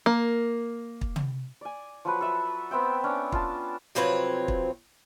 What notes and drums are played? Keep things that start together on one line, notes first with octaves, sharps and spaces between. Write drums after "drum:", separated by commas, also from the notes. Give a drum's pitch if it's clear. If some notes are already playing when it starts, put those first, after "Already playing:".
A#3
drum: kick
drum: tom
D5 G#5
F3 F#3 B4
A4 E5
B3 C4 E5 G5
C#4 D4
F4 A5, drum: kick
C3 F3 F#3 C4 B4 C#5
drum: kick